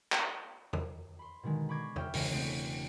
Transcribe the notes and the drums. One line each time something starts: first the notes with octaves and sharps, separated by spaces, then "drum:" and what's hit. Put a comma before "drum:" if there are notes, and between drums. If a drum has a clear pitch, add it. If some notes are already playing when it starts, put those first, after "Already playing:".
drum: clap
drum: tom E2
B5 C6
B2 D3 D#3 G#3
B5 C#6 D6 G#6 A#6 C7
E5 G5 F6, drum: tom E2
E1 C#2 C#3, drum: open hi-hat
C#3 A3 B3 C4 D4